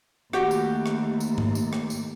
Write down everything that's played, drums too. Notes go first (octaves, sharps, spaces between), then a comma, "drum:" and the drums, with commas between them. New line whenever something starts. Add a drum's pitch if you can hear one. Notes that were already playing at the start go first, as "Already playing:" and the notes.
D#2 A3 F#4 G4 G5, drum: rim click
drum: tambourine
drum: rim click
drum: tambourine
drum: tom G#2
drum: tambourine
drum: rim click
drum: tambourine